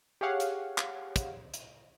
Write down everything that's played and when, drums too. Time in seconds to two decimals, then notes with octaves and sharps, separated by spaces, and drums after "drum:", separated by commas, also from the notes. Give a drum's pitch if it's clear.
0.21 G4 G#4 C#5 F5 F#5
0.40 drum: hi-hat
0.78 drum: clap
1.16 drum: kick, hi-hat
1.54 drum: hi-hat